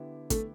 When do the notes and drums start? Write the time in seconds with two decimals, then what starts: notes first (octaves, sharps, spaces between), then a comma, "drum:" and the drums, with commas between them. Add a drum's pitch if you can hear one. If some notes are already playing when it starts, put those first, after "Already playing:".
Already playing: D3 B3 E4 G4
0.30 A3, drum: kick, hi-hat